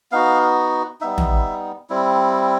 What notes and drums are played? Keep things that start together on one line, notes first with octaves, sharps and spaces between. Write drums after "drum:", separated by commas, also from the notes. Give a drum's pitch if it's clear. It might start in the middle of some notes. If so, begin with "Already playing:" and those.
B3 D#4 F#4 F5
G3 B3 D#4 E5
drum: tom
G3 C4 E4